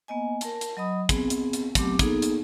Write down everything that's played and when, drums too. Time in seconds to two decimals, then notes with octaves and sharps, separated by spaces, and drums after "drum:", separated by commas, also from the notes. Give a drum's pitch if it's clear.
0.08 A#3 B3 D#5 G#5
0.41 A#4 A5, drum: hi-hat
0.61 drum: hi-hat
0.77 F#3 D#5 B5 D#6
1.09 B3 C4 G#4, drum: kick, hi-hat
1.30 drum: hi-hat
1.53 drum: hi-hat
1.75 F#3 A3 B3 C4 G4 D6, drum: kick, hi-hat
1.99 A#3 B3 D#4 G#4 A4, drum: kick, hi-hat
2.22 drum: hi-hat